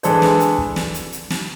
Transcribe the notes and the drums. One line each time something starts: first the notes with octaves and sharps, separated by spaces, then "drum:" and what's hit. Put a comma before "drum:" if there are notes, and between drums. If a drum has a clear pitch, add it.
E3 G#3 D4 A4 C5, drum: hi-hat
drum: snare
drum: hi-hat
drum: kick
drum: snare
drum: hi-hat
drum: hi-hat
drum: snare